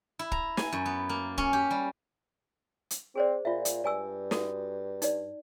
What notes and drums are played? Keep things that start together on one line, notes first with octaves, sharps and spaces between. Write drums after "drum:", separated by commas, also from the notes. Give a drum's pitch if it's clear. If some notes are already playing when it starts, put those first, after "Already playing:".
E4
A#5, drum: kick
G#5, drum: snare
F#2
B3
A#3
C#4, drum: kick
G4
G3
drum: hi-hat
C4 G#4 C5 D5
A#2 F4 E5
drum: hi-hat
G2 D5 G#5 E6
F#4 A4, drum: snare
D#4 D5, drum: hi-hat